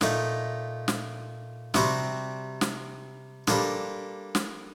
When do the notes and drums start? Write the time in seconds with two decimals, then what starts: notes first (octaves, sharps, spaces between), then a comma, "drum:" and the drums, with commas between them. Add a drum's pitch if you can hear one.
0.01 A#2 A3 D#4, drum: snare
0.88 drum: snare
1.74 C3 G3 C4 F#4 C5, drum: snare
2.61 drum: snare
3.47 G3 A#3 D4 A4 C5, drum: snare
4.35 drum: snare